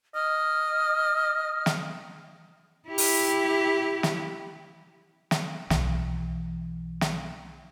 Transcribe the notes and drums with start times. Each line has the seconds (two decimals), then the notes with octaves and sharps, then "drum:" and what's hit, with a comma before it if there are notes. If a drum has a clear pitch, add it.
0.15 D#5 F6
1.66 drum: snare
2.89 E4 G4
2.98 drum: open hi-hat
4.03 drum: snare
5.31 drum: snare
5.70 B1 E3, drum: snare
7.01 drum: snare